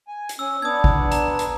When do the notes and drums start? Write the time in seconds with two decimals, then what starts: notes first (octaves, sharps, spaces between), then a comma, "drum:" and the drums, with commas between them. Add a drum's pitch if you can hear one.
0.08 G#5
0.29 drum: hi-hat
0.39 C#4 E6
0.62 B3 D4 D#6 G#6
0.84 drum: kick
1.12 A#5, drum: hi-hat
1.39 drum: hi-hat